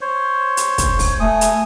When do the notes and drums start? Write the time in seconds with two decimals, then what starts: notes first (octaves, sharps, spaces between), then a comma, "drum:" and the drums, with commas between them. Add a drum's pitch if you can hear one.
0.01 C5 C#5
0.57 drum: hi-hat
0.78 drum: kick, hi-hat
0.99 drum: kick, open hi-hat
1.20 A3 G#5 D#6
1.41 drum: hi-hat